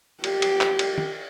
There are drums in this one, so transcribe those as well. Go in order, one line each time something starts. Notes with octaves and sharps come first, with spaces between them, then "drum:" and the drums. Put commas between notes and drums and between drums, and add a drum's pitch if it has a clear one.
G4, drum: cymbal
drum: cymbal
drum: clap
drum: cymbal
drum: tom